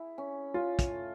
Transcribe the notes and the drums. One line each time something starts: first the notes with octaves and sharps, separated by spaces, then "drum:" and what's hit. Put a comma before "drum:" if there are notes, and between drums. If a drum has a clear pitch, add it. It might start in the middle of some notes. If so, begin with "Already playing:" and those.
Already playing: E4 G#4
C#4
C#4 F4
drum: kick, hi-hat
A3